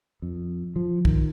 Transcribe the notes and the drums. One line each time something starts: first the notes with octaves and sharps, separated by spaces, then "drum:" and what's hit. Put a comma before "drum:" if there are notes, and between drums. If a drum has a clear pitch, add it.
F2
F3
D#3, drum: kick C2